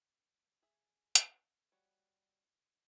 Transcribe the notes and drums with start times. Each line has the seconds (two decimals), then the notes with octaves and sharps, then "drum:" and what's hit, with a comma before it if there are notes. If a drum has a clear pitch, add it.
0.62 G#4 E5
1.15 drum: hi-hat
1.72 G3 F#4 C#5